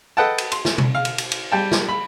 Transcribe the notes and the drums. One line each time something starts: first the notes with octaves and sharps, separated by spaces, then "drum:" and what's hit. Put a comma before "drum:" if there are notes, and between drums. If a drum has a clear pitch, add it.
A4 B4 D#5 F#5 G5 A5
drum: cymbal
C6, drum: cymbal
drum: snare
drum: tom
F5
drum: cymbal
drum: cymbal
drum: cymbal
G3 G5 A5
drum: snare
B5